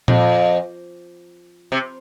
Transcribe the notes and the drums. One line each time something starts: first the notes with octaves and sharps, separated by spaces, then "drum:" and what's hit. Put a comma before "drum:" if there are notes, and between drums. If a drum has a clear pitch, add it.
F2, drum: tom A#2
C3